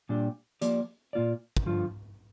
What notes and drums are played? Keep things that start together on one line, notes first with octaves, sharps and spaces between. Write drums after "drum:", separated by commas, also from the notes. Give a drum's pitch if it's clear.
A#2 G3 D4 G4
F3 A#3 G4 D5, drum: hi-hat
A#2 A#3 F4 D5
drum: kick
G2 D3 F3 F4